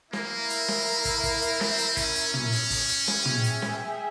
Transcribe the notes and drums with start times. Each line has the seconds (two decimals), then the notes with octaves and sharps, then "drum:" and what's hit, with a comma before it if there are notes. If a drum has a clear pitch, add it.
0.13 A#3 E4 A#4 E5, drum: snare
0.50 drum: hi-hat
0.68 drum: snare
1.05 drum: kick, hi-hat
1.23 drum: kick, hi-hat
1.42 drum: hi-hat
1.61 C4, drum: snare
1.79 drum: hi-hat
1.97 C#4, drum: kick, hi-hat
2.15 drum: hi-hat
2.34 C#4, drum: tom
2.52 drum: open hi-hat
2.70 drum: kick, open hi-hat
2.89 drum: hi-hat
3.08 G#4 E5 G5, drum: snare
3.25 drum: tom
3.44 drum: hi-hat
3.62 drum: snare